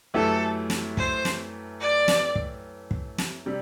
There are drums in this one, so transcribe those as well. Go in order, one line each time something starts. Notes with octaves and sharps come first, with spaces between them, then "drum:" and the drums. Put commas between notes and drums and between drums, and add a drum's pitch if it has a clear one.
F#2 E3 A3 E4 G4 A4
drum: snare
C5, drum: kick
drum: snare
D5
drum: snare
drum: kick
drum: kick
drum: snare
C3 G3